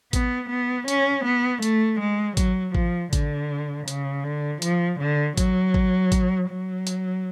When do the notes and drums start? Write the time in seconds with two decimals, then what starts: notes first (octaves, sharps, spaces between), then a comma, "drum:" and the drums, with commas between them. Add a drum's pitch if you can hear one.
0.13 B3, drum: kick A1, hi-hat
0.50 B3
0.88 C#4, drum: hi-hat
1.25 B3
1.62 A3, drum: hi-hat
2.00 G#3
2.37 F#3, drum: kick A1, hi-hat
2.75 F3, drum: kick A1
3.13 D3, drum: kick A1, hi-hat
3.88 C#3, drum: hi-hat
4.24 D3
4.62 F3, drum: hi-hat
5.00 D3
5.37 F#3, drum: kick A1, hi-hat
5.74 drum: kick A1
6.12 drum: kick A1, hi-hat
6.49 F#3
6.87 drum: hi-hat